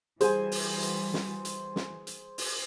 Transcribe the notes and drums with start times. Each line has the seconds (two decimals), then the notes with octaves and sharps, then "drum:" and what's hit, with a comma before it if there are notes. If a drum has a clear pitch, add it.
0.21 E3 G3 F#4 G#4 C5 G#5, drum: hi-hat
0.52 drum: open hi-hat
0.83 drum: hi-hat
1.14 drum: snare
1.45 drum: hi-hat
1.76 drum: snare
2.07 drum: hi-hat
2.38 drum: open hi-hat